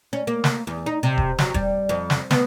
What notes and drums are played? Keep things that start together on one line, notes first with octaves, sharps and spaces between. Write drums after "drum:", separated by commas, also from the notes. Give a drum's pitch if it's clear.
C#4
A#3
drum: snare
E2
D#4
C3
drum: kick E1
F#3, drum: snare
G3, drum: kick E1
F2
drum: snare
B3, drum: snare